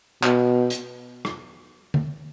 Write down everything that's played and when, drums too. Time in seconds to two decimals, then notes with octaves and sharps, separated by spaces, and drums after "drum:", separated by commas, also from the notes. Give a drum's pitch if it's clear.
0.23 B2, drum: clap
0.70 drum: hi-hat
1.25 drum: rim click
1.94 drum: tom D3